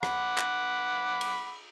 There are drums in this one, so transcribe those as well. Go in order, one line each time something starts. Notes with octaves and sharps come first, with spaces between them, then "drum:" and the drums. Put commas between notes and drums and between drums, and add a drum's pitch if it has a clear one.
F#5 B5 D6, drum: rim click
drum: clap
drum: cymbal